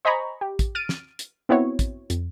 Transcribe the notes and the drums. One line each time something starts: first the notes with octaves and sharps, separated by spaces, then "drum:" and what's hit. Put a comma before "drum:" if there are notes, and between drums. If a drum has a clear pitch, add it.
C5 D#5 G#5 A#5 B5 C#6
G4
drum: kick, hi-hat
F6 A6 D7 D#7
drum: snare
drum: hi-hat
B3 C4 E4 F#4 C#5
drum: kick, hi-hat
F2, drum: hi-hat